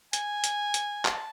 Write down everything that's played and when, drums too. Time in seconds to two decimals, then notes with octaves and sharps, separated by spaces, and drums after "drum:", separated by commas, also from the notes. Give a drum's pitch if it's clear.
0.13 G#5, drum: hi-hat
0.44 drum: hi-hat
0.74 drum: hi-hat
1.05 A5, drum: clap